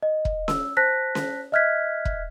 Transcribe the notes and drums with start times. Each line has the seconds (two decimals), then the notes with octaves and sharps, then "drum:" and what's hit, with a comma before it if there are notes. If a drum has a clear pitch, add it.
0.03 D#5
0.25 drum: kick
0.48 E6, drum: snare C#4
0.77 C5 A5 F#6 A#6 B6
1.15 drum: snare C#4
1.52 D#5 E5 F6 F#6 G#6 B6
2.05 drum: kick